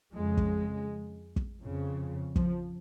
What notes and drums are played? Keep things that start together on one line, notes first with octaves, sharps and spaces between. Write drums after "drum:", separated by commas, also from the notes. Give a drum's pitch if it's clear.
F2 C#3 G#3
drum: kick
drum: kick
F2 C#3
F3, drum: kick